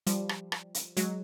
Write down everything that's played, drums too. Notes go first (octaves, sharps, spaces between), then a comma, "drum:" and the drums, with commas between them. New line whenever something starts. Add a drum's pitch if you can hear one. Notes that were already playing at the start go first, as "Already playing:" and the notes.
F3 G3, drum: hi-hat
drum: rim click
drum: rim click
drum: hi-hat
F#3 G#3, drum: hi-hat